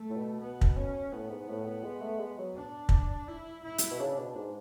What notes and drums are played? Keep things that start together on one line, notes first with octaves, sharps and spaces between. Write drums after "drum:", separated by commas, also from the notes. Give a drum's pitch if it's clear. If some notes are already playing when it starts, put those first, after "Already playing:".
Already playing: A3
A2
B2
B3
drum: kick
C#4
A2 B3
G#2
A2
A2
G#3
A3
G#3
F#3
D4
drum: kick
E4
E4
drum: hi-hat
B2
C#3 D4
B2
G#2